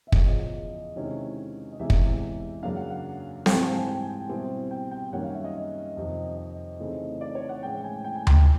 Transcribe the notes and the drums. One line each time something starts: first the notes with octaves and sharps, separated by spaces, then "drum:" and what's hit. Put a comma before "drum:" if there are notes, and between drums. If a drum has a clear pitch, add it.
E5
E2 C#3 F3 D#5, drum: kick
C3 D#3 G#3 C#4 E4
D#5
E2 C3 E3 G#3 E5
drum: kick
F#2 C#3 F#3 A#3 D4 F5
F#5
F#5
G#2 E3 G3 C4 G5, drum: snare C4
A5
G#5
G5
B2 G3 C4 E4
G5
G5
F#2 D#3 G3 A#3 C#4 F#5
F5
E5
D#5
F2 C3 D#3
D#5
C#3 E3 A3 C4 D#4
D5
C#5
F#5
A2 E3 G#3 C#4 E4 G5
G#5
G5
G#5
G5, drum: tom D2